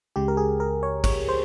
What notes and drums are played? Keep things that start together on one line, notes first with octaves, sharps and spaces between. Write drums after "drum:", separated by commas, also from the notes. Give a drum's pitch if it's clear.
C#2 C#3 G#3 G4
A#4
G#4
A#4
C#5
C#5, drum: kick G#1, cymbal
C5